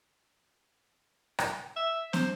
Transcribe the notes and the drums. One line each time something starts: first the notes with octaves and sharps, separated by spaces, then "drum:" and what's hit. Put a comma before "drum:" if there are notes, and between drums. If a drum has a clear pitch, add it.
drum: rim click
E5
C5, drum: snare